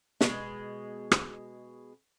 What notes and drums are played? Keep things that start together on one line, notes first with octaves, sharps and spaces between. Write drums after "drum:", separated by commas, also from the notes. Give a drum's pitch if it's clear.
B2 G#3, drum: snare
drum: rim click